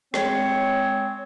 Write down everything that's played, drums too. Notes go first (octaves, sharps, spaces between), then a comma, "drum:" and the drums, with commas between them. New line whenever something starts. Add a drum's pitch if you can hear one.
G#3 C4 C#5, drum: rim click